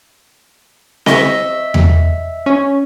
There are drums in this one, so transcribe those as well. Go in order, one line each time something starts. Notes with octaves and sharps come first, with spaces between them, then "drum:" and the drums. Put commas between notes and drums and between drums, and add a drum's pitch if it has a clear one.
D#5 E5 C#6, drum: snare C4
drum: tom E2
C#4